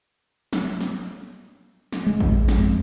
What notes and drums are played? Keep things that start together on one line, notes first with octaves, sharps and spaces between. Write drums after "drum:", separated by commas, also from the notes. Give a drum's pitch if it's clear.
drum: snare
drum: snare
drum: snare
G#3
drum: kick A1
drum: snare
F2